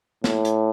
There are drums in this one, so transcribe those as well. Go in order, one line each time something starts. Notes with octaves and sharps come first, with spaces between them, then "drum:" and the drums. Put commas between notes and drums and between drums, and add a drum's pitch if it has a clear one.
A2, drum: snare
drum: hi-hat